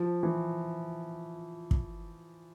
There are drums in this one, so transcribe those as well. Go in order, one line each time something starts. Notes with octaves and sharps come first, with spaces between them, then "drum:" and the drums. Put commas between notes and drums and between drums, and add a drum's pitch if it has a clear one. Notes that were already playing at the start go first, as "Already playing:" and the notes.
Already playing: F3
E3
drum: kick